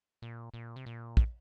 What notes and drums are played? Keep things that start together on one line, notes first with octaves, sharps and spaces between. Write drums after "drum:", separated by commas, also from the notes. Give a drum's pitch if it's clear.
A#2
A#2
C3
A#2
A2, drum: kick